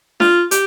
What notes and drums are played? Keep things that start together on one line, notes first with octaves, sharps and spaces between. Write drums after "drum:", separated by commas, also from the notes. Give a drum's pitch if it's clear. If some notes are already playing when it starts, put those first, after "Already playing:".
F4, drum: snare D4
G4, drum: hi-hat